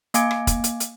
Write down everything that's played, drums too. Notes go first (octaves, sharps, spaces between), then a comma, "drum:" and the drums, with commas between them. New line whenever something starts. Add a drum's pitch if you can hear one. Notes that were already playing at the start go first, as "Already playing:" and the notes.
A#3 F5 G#5 D6 G#6 D7, drum: hi-hat
drum: rim click
drum: kick, hi-hat
drum: hi-hat
drum: hi-hat